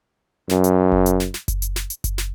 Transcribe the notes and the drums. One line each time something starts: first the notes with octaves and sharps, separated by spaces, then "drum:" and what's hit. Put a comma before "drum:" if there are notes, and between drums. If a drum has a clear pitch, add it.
F#2, drum: snare
drum: hi-hat
drum: kick F#1
drum: hi-hat
drum: snare
drum: snare
drum: kick F#1, hi-hat
drum: hi-hat
drum: snare
drum: hi-hat
drum: kick F#1, hi-hat
drum: snare